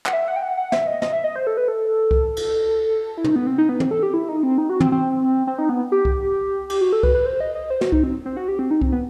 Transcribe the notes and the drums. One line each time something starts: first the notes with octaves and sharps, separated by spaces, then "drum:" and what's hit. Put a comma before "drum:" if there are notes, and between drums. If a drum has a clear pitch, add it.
F#5, drum: clap
E5
F#5
G5
F#5
F#5
E5, drum: snare
D#5
D#5, drum: snare
E5
D#5
C5
A4
B4
A4
drum: kick C2
drum: cymbal
E4
D#4, drum: tom
B3
C4
D#4
B3
C4, drum: tom
A4
G4
E4
D#4
C4
D#4
F#4
C4, drum: tom
C4
C4
D#4
B3
G4
drum: kick C2
G4, drum: cymbal
F#4
A4
B4, drum: kick C2
B4
C5
D#5
D#5
C5
F#4, drum: snare
D#4, drum: kick C2
C4
C4
F#4
G4
C4
D#4
C4, drum: kick C2
B3